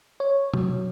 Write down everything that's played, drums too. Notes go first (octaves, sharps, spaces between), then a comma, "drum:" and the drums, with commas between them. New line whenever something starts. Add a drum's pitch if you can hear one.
C#5
F#3, drum: tom